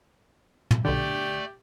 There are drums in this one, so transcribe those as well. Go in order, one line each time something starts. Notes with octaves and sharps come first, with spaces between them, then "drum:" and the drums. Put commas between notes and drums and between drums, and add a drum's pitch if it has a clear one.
drum: tom
B1 D3 A3 G4 D5